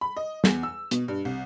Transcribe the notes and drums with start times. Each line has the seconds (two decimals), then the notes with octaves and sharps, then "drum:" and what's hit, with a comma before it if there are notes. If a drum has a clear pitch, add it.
0.01 B5
0.17 D#5
0.44 E2, drum: snare
0.63 E6
0.91 B2, drum: hi-hat
1.08 G2
1.25 C2